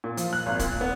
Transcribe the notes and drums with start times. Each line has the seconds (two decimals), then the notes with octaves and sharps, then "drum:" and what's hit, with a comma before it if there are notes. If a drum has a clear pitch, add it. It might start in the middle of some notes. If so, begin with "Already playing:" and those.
0.04 A#2
0.17 F3, drum: hi-hat
0.33 F#6
0.46 G#1
0.59 A#2, drum: kick, hi-hat
0.81 B3